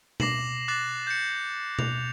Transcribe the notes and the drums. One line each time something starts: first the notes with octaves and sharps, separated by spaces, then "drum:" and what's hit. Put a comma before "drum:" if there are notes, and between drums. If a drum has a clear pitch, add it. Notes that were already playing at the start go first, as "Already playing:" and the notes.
D6 A#6 C7 E7 F#7, drum: tom B2
D6 F#6 A6 C7 E7 F#7
G6 C#7
F7, drum: tom B2